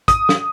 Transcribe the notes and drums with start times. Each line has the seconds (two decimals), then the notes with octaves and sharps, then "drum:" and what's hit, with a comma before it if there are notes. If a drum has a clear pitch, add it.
0.08 D#6, drum: kick, hi-hat
0.29 drum: snare